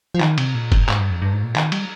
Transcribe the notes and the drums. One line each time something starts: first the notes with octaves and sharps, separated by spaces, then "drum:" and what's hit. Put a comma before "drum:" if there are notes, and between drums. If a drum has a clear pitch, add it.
F3
D#3, drum: clap
C3, drum: cymbal
A#2
G#2, drum: kick, cymbal
G#2, drum: clap
G2
F2
G2
G#2
A#2
D#3, drum: clap
G3, drum: cymbal